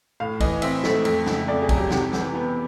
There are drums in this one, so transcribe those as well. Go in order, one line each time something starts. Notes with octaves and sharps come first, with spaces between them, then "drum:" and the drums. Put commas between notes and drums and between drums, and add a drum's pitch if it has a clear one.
A2 F5
E3 D#5, drum: kick, cymbal
C4 E5, drum: cymbal
A3, drum: snare
F2, drum: cymbal
C#3, drum: snare
F2 D5
G#4
F#3, drum: kick, cymbal
G4
C3 G4, drum: snare
E3, drum: snare
B3